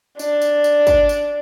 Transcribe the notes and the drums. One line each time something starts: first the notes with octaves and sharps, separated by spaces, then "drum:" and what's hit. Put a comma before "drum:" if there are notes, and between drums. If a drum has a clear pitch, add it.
D4, drum: tambourine
drum: tambourine
drum: tambourine
drum: kick, tambourine
drum: tambourine